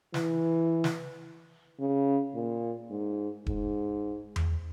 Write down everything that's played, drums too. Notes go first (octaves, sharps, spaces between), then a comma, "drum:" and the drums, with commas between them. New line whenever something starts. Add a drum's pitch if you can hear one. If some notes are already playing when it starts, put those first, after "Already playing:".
E3, drum: snare
drum: snare
C#3
A#2
G#2
G#2, drum: kick D#1
drum: tom E2